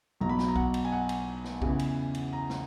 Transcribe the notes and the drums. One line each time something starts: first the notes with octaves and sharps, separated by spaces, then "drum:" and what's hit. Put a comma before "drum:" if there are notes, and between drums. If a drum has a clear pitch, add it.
B1 B2 F#3 A#5
B5
drum: snare
A#5
F#5, drum: kick B1
drum: cymbal
G#5
F#5
drum: cymbal
drum: snare
E2 C#3 E3, drum: kick B1
drum: cymbal
drum: cymbal
A#5
drum: snare